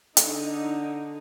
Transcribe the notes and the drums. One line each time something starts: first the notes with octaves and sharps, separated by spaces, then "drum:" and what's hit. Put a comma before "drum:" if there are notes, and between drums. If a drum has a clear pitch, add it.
D3 D#4, drum: hi-hat